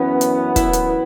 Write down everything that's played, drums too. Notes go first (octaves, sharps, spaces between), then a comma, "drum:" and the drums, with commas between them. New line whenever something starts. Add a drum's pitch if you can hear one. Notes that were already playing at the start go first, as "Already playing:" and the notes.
Already playing: F#2 E3 B3 C#4
drum: hi-hat
E4, drum: kick, hi-hat
drum: hi-hat